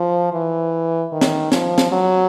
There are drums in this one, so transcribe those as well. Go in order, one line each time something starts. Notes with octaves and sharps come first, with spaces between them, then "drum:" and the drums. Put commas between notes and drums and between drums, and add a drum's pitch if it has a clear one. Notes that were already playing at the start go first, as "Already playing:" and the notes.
Already playing: F3
E3
D#3
drum: snare
F3, drum: snare
drum: snare
F#3